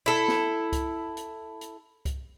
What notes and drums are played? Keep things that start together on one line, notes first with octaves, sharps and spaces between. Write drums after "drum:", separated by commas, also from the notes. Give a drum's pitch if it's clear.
E4 A4
drum: snare
drum: kick C2, hi-hat
drum: hi-hat
drum: hi-hat
drum: kick C2, hi-hat